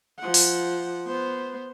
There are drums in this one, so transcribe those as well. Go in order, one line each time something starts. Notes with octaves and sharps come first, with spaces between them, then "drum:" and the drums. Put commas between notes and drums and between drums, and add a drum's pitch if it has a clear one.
F3 F#5
drum: open hi-hat
B3 C5